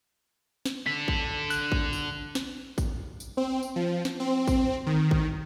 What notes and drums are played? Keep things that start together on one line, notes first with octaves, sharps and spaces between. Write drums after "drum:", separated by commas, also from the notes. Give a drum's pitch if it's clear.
drum: snare
D3 A4 B6
drum: kick A1
F#6, drum: tambourine
drum: kick A1
drum: tambourine
drum: snare
drum: kick A1, tambourine
drum: tambourine
C4
drum: tambourine
F3
drum: snare
C4
drum: kick A1, tambourine
D#3
drum: kick A1